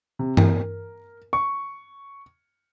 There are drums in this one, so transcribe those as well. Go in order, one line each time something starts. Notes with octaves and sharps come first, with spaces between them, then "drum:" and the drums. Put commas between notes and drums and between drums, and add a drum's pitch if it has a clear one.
C3
A#4, drum: tom
C#6